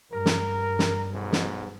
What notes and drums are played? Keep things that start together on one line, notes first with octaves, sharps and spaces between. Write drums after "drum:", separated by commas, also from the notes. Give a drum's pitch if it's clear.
G2 A#4
drum: snare
drum: snare
B1 G#2 B2
drum: snare